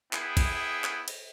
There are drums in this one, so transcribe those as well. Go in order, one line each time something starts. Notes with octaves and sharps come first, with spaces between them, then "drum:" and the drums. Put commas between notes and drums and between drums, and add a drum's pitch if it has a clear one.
B3 E4 G#4 G5, drum: clap
drum: kick, cymbal
drum: clap
drum: cymbal